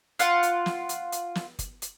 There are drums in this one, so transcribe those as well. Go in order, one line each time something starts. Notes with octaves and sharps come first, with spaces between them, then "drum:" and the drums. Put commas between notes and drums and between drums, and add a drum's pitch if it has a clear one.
F4 F5 F#5, drum: hi-hat
drum: hi-hat
drum: snare
drum: hi-hat
drum: hi-hat
drum: snare
drum: kick, hi-hat
drum: hi-hat